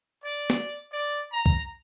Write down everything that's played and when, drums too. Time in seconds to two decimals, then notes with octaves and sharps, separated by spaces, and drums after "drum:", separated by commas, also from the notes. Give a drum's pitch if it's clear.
0.23 D5
0.50 drum: snare
0.90 D5
1.31 A#5
1.46 drum: kick C2